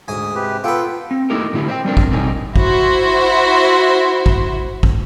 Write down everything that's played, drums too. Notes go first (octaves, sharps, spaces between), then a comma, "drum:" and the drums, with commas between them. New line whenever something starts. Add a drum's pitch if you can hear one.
D2 G#2 G#5 D#6
C3 G4 B4
B3 F4 A4 B4 G5
C4
A3 A#3 D#4 E4 G4 A#4
A2 D3 E4 G4 G#4
C5 E5 G5
G3 C4 D4 A#4
drum: kick
F#2 B2 G3 C4 D#4 G#5
E4 F#4 C5, drum: kick
drum: kick
drum: kick